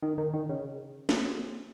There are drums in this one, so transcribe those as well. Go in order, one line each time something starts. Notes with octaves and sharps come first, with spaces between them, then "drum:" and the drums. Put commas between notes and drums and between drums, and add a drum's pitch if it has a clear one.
D#3
D#3
D#3
C#3
drum: snare